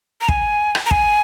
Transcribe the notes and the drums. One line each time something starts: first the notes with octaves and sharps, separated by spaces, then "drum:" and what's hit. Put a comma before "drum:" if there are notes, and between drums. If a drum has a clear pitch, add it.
A#5
G#5, drum: kick
drum: rim click
A#5
G#5, drum: kick